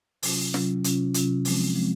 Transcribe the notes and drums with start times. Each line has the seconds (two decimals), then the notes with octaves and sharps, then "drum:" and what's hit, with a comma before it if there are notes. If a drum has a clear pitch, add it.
0.23 C3 F#3 C#4 F4, drum: open hi-hat
0.54 C3 F#3 C#4 F4, drum: snare
0.84 C3 F#3 C#4 F4, drum: hi-hat
1.14 C3 F#3 C#4 F4, drum: hi-hat
1.45 F3 G#3 C4, drum: open hi-hat
1.75 F3 G#3 C4